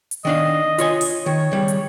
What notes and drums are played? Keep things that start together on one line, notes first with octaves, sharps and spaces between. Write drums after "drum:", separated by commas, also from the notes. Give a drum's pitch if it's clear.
drum: hi-hat
D#3 D4 D#5 F5
F4 C#5 G#5, drum: hi-hat
drum: open hi-hat
D#3 C#5
C#3 G3
drum: hi-hat